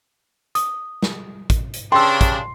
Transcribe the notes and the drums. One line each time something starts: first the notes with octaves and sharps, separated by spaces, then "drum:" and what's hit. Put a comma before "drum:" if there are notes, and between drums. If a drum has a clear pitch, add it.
D#6, drum: hi-hat
drum: snare
drum: kick, hi-hat
drum: hi-hat
G2 C#3 D4 G5 C6 E6
drum: kick, hi-hat